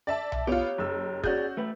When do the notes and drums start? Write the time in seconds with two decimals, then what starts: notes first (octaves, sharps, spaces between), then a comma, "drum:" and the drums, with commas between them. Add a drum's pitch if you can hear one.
0.07 D5 E5 A5
0.32 drum: tom B1
0.47 B3 F4 G4 C#5
0.78 F#1 E6
1.24 C#4 F#4 G#4 D5 G6, drum: kick
1.57 A3 B4